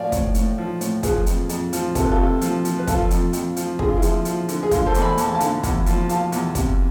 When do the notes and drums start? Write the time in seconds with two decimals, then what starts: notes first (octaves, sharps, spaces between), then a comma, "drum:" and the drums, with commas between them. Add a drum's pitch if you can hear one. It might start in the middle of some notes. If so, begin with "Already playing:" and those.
Already playing: A2 F3 D5 F5 G#5
0.12 A2, drum: kick, hi-hat
0.34 A2, drum: hi-hat
0.58 F3
0.81 A2, drum: hi-hat
1.03 F3 G#4 B4, drum: kick, hi-hat
1.26 F2, drum: hi-hat
1.49 F2, drum: hi-hat
1.73 F3, drum: hi-hat
1.95 C3 A4, drum: kick, hi-hat
2.03 B4
2.11 F4 A4
2.18 C3
2.41 F3, drum: hi-hat
2.65 F3, drum: hi-hat
2.79 B4
2.87 F3 F4 A4, drum: kick, hi-hat
3.11 F2, drum: hi-hat
3.33 F2, drum: hi-hat
3.56 F3, drum: hi-hat
3.79 D3 G#4, drum: kick
3.88 F4
3.97 E4 G#4
4.02 F3, drum: hi-hat
4.25 F3, drum: hi-hat
4.48 D3, drum: hi-hat
4.63 G#4
4.71 D3 D4 F4, drum: kick, hi-hat
4.86 A4 C5
4.94 E2 A5, drum: hi-hat
5.02 G#5 B5
5.18 E2 A5, drum: hi-hat
5.26 G#5
5.35 F5 A5
5.40 D3, drum: hi-hat
5.63 E2, drum: kick, hi-hat
5.86 F3, drum: hi-hat
6.09 F3 F5 A5, drum: hi-hat
6.32 E2, drum: hi-hat
6.55 C3, drum: kick, hi-hat